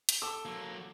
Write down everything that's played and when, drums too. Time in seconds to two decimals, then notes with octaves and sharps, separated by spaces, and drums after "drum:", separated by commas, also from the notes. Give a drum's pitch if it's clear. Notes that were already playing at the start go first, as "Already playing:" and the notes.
0.09 drum: hi-hat
0.22 A4 D6 E6 G7
0.45 F#3 A#3